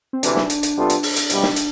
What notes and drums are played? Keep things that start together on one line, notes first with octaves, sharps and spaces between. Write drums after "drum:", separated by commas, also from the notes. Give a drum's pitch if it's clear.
C4
D2 C3 E3 D4, drum: hi-hat
drum: snare
drum: hi-hat
drum: hi-hat
C3 G3 B3 F4 A4
drum: hi-hat
drum: open hi-hat
drum: hi-hat
C2 B2 G3, drum: hi-hat
drum: snare
drum: hi-hat